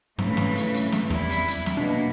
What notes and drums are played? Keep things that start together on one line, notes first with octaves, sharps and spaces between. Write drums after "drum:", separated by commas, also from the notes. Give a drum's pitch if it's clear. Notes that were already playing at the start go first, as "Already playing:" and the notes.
G#2 C#3 E3 A3, drum: snare
drum: snare
drum: hi-hat
drum: hi-hat
drum: snare
E2 G3 E4, drum: snare
drum: hi-hat
drum: hi-hat
drum: snare
B2 A#3 D4